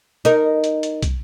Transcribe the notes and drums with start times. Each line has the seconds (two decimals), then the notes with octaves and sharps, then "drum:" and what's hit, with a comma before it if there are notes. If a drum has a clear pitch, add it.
0.25 D#4 A#4, drum: hi-hat
0.64 drum: hi-hat
0.83 drum: hi-hat
1.03 drum: kick, hi-hat